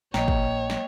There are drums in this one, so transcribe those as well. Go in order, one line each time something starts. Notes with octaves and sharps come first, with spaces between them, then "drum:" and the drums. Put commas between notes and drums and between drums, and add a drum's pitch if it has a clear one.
A#1 A#3 C#5 D#5 G5, drum: snare
drum: kick
drum: snare